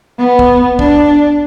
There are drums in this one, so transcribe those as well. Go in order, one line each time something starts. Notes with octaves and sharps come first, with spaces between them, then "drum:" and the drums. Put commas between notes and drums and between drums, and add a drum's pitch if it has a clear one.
B3
drum: kick
D4, drum: kick